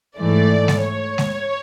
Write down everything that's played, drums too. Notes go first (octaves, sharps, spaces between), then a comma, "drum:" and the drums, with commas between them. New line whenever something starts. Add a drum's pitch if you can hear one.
G#2 E3 A3 D5
drum: snare G#3
C#5
drum: snare G#3